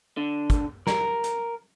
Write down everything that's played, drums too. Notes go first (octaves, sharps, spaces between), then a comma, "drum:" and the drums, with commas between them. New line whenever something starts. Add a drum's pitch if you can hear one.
D3
drum: kick, hi-hat
A#4, drum: snare
drum: hi-hat